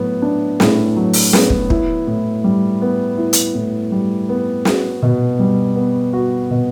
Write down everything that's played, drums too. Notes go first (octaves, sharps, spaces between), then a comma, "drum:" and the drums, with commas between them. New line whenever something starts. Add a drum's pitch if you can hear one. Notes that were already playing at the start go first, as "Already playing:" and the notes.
Already playing: A2 F#3 B3
D4
A2, drum: snare
F#3
drum: open hi-hat
B3, drum: snare
drum: kick
E4, drum: kick
A2
G3
B3
E4
drum: hi-hat
A2
G3
B3
F#4, drum: snare
B2
G3
B3
F#4
B2